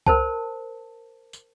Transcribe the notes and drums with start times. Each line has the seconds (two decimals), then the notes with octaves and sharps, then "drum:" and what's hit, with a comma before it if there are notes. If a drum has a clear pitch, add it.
0.06 A#4 C5 A5, drum: kick C2
1.33 drum: tambourine